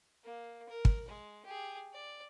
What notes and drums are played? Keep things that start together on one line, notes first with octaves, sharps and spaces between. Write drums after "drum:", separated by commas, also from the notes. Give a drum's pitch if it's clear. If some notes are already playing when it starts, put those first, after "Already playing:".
A#3
A#4
drum: kick
G#3
G4 G#4
D5